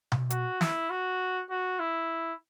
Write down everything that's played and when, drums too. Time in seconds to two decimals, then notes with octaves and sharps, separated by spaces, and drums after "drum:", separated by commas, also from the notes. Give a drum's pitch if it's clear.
0.12 drum: tom B2
0.30 F#4, drum: hi-hat
0.61 E4, drum: snare
0.90 F#4
1.50 F#4
1.79 E4